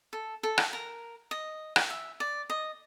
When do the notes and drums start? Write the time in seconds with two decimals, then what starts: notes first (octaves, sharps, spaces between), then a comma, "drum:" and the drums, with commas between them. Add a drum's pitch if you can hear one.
0.13 A4
0.43 A4
0.58 drum: rim click
0.73 A#4
1.31 D#5
1.76 drum: rim click
1.90 E5
2.20 D5
2.50 D#5